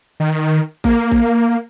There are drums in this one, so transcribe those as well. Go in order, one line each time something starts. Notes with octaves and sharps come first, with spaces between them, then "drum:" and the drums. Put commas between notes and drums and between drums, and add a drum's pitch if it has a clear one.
D#3
A#3, drum: kick A1
drum: kick A1